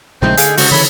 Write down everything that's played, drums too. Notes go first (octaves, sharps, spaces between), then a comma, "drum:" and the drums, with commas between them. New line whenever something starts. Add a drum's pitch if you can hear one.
A#1 C#3 G#3 A3 C4 D#4 E4 G6
D3 G#4 D#5 F5 D7, drum: hi-hat
C#3 G#3 C#4 F#4, drum: open hi-hat
D3 E3 C#5 B5